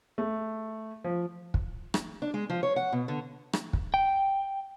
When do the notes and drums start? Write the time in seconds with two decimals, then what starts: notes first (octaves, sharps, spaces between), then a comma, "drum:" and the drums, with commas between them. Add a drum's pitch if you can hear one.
0.18 A3
1.04 F3
1.54 drum: kick
1.94 drum: rim click
2.22 D4
2.34 G#3
2.50 F3
2.63 C#5
2.76 F#5
2.93 B2
3.08 D3
3.53 drum: rim click
3.73 drum: kick
3.94 G5